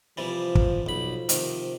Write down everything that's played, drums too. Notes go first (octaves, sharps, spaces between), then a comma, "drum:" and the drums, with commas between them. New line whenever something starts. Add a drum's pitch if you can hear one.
C3 E3 F3 G3
drum: kick
B1 F3 B5
C3 D#3, drum: hi-hat